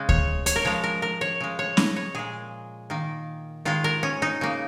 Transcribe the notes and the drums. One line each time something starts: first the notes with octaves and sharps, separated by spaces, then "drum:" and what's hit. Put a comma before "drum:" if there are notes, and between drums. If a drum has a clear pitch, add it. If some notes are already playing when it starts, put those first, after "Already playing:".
Already playing: C#3 G#3
C#5, drum: kick D2
C#5, drum: hi-hat
A#4
C#3 F3 G#3 C#5
A#4
A#4
C#5
C#3 G#3
C#5
D#5, drum: snare C#4
C#5
A#2 G#3 G#4
D#3 A#3
D#3 G#3 F4
A#4
C#4
D#4
C#3 A#3